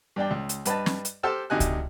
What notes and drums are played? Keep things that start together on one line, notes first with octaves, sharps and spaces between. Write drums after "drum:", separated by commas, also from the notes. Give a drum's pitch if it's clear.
G2 D4 D5 G5
C#2
drum: hi-hat
G2 B4 D#5 A5, drum: hi-hat
drum: snare
drum: hi-hat
G4 A4 C5 A5 E6 F6
D2 C3 D#4 G#5 F#6
drum: kick C#2, hi-hat